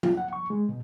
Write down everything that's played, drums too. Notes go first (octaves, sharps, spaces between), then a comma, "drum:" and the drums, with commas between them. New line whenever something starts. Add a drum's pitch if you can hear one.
F4, drum: tom F3
F#5
C#6
G#3
B2